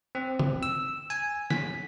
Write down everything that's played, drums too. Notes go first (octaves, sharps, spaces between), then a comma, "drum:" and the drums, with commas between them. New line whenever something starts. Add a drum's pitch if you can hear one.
C4
drum: tom
E6
G#5
B6, drum: snare